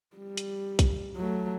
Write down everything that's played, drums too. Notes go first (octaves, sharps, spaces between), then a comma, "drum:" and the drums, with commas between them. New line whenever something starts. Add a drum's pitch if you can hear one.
G3
drum: hi-hat
drum: kick B1, hi-hat
F#3 A3